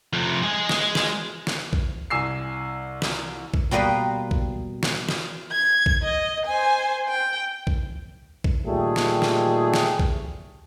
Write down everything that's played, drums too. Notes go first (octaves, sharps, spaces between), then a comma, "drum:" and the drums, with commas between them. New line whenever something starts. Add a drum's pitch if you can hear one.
F2 C3
G#3 G#4
drum: snare
drum: snare
drum: snare
drum: kick A#1
C2 G#5 E6 C7
drum: snare
drum: kick A#1
B2 G3 A#3 B4 D#5 C6
drum: kick A#1
drum: snare
drum: snare
G#6
drum: kick A#1
D#5
C5 G#5
G5
drum: kick A#1
drum: kick A#1
A#2 D#3 G3 A3 G4 G#4
drum: snare
drum: snare
drum: snare
drum: kick A#1